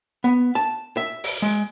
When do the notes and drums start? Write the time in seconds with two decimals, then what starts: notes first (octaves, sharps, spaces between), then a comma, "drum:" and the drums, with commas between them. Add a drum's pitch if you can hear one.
0.24 B3
0.55 A5
0.97 E5
1.24 drum: open hi-hat
1.42 G#3